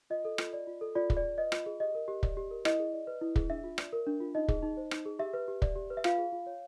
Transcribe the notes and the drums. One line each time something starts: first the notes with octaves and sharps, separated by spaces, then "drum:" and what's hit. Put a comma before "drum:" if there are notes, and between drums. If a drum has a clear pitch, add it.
F4 D#5
A4
F4, drum: rim click
D5
F4
A4
F4 D5
G#4, drum: kick
D5
F4
B4 D#5
F4, drum: rim click
G#4
G4 D#5
A#4
G4
D5, drum: kick
G4
A#4
E4 D#5, drum: rim click
G#4
D5
B4
E4
G#4, drum: kick
D4 E5
F4
D5, drum: rim click
A#4
D4
F4
D#4 D#5
G#4, drum: kick
D#4
C5
D#4, drum: rim click
G#4
G4 E5
B4
G4
D5, drum: kick
G4
B4
E5
F4 F5, drum: rim click
G#4
F4
C#5